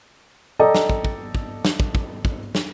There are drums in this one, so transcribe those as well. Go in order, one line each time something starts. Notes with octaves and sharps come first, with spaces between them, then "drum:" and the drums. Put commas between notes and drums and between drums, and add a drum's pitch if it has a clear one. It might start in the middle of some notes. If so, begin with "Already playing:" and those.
A4 D5 D#5 G5 A#5 D#6
drum: snare
drum: kick
drum: kick
drum: kick
drum: snare
drum: kick
drum: kick
drum: kick
drum: snare